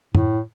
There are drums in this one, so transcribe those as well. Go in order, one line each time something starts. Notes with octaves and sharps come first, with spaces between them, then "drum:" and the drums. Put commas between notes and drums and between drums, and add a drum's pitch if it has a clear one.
A2, drum: tom F#2